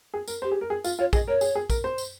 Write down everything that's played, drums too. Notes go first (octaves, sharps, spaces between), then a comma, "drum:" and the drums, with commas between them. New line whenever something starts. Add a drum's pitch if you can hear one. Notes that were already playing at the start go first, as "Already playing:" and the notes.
G#4
A#4, drum: tambourine
G4 C5
G#4
A#4
G#4
F4, drum: tambourine
F4 C#5
G#4 D#5, drum: kick, tambourine
A#4 C#5
G#4, drum: tambourine
G#4
A#4, drum: kick, tambourine
C5
drum: tambourine